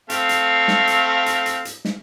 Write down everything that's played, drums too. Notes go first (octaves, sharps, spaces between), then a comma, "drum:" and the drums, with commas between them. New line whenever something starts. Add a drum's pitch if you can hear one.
A3 C4 F5, drum: hi-hat
drum: hi-hat
drum: snare
drum: hi-hat
drum: hi-hat
drum: hi-hat
drum: hi-hat
drum: snare